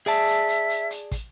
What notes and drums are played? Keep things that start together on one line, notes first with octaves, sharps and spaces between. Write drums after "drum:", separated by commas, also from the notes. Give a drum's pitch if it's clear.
G#4 D5 E5 A5, drum: hi-hat
drum: hi-hat
drum: hi-hat
drum: hi-hat
drum: hi-hat
drum: kick, hi-hat